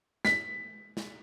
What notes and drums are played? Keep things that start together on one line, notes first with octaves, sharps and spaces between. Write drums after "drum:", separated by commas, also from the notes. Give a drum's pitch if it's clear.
B6, drum: snare
drum: snare